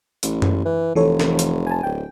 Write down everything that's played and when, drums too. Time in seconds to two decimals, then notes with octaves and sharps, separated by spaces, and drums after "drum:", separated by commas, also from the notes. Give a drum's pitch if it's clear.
0.23 A1, drum: hi-hat
0.42 drum: tom F#2
0.65 E3
0.95 F1 E3 A4 C#5
1.20 drum: snare
1.39 drum: hi-hat
1.67 G#5 A5
1.83 D1 G5